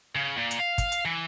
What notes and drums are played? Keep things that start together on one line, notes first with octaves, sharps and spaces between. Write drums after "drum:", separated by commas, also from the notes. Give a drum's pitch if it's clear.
C#3
A#2
drum: hi-hat
F5
drum: kick, hi-hat
drum: hi-hat
E3